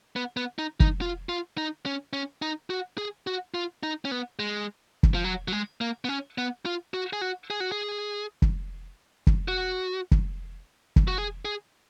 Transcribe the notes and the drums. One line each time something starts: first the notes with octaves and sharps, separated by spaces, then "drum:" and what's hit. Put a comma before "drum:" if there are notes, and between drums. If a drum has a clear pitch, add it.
B3
B3
D#4
D#4, drum: kick
F4
F4
D#4
C#4
C#4
D#4
F#4
G#4
F#4
F4
D#4
C#4
B3
G#3
drum: kick
F3
F#3
F#3
G#3
A#3
B3
C#4
B3
F4
F#4
G#4
F#4
G#4
F#4
G#4
drum: kick
drum: kick
F#4
drum: kick
drum: kick
F#4
G#4
G#4